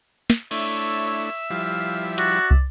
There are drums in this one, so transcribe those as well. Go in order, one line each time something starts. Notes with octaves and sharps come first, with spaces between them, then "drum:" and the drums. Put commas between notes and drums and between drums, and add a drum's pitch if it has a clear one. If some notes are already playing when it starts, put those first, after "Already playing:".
drum: snare
A3 D4 E4 C#5 E5, drum: cymbal
F3 G3 E4 F5
F#4 D5, drum: hi-hat
drum: kick